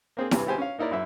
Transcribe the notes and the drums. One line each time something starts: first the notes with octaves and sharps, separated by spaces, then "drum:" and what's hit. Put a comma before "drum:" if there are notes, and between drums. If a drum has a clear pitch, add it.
A#3 C4 G#4
E2 G2 C3 E3, drum: snare E4
G#1 B3 G4 C5 G#5
C#4 F5
A#3 D#4 E4 A#4 D5
F#2 E4 E5